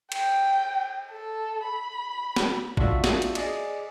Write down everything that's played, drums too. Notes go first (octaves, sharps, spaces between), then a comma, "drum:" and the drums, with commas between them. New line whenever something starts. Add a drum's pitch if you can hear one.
G5, drum: cymbal
A4
B5
drum: snare
D4 F4 F#4 E5, drum: kick A1
drum: snare
drum: hi-hat
G#4 D5 D#5, drum: cymbal